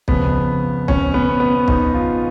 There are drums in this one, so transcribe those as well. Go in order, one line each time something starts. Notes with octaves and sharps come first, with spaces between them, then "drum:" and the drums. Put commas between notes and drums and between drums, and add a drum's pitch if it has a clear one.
F2 C#3 B3, drum: kick
C#4, drum: kick
B3
B3
D#4, drum: kick
F4